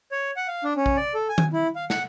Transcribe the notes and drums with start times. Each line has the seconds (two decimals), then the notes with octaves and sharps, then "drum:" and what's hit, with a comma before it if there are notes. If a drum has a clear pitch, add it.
0.12 C#5
0.36 F#5
0.48 F5
0.64 D4
0.77 C#4
0.86 drum: kick A#1
0.97 D5
1.14 A4
1.29 G#5
1.38 drum: tom D#3
1.53 E4
1.76 F5
1.90 F#5, drum: snare